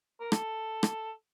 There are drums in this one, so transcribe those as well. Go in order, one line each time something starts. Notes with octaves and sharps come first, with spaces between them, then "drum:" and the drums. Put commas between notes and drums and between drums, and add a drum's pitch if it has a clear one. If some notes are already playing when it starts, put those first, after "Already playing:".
A#4
A4, drum: rim click
drum: rim click